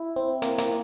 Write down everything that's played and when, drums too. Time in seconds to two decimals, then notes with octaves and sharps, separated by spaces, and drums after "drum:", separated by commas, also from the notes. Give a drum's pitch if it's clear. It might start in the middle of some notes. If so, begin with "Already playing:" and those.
Already playing: E4
0.16 C4
0.42 A#3, drum: hi-hat
0.58 A#3, drum: hi-hat